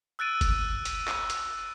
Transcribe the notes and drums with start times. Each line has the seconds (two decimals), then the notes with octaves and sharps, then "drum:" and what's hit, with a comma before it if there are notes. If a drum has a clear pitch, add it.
0.19 E6 F#6 A6 D7 D#7
0.41 drum: kick F#1, hi-hat
0.85 drum: hi-hat
1.08 drum: clap
1.30 drum: hi-hat